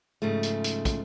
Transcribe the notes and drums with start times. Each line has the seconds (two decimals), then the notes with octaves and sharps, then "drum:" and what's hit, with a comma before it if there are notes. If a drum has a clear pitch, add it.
0.22 G#2 C#3 F3 A3
0.43 drum: hi-hat
0.64 drum: hi-hat
0.85 drum: kick, hi-hat